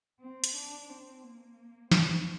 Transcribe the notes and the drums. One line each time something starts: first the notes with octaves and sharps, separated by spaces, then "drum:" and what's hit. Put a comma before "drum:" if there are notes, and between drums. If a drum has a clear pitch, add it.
C4
drum: hi-hat
D4
C4
A#3
C4, drum: snare